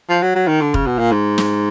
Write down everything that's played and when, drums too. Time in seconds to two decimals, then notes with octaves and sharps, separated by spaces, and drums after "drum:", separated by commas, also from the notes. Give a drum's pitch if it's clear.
0.09 F3
0.22 F#3
0.35 F#3
0.48 D#3
0.61 D3
0.74 C#3, drum: kick
0.86 B2
0.99 A#2
1.11 G#2
1.38 drum: snare